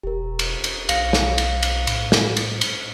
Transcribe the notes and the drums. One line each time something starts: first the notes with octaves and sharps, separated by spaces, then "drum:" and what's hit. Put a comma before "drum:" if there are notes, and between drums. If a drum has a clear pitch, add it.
E1 G4 A#4
drum: cymbal
drum: cymbal
B1 F5 A#6 C#7, drum: cymbal
drum: snare
drum: cymbal
drum: cymbal
A2, drum: cymbal
drum: snare
drum: cymbal
drum: cymbal